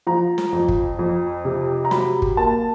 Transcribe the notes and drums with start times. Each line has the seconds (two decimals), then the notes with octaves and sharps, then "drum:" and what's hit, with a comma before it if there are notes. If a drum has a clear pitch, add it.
0.07 F3 A#5
0.38 drum: snare
0.53 F2
0.68 drum: kick G1
0.99 F2
1.45 C3
1.85 A#5
1.91 F#3 B5, drum: snare
2.22 drum: kick G1
2.37 A#3 A5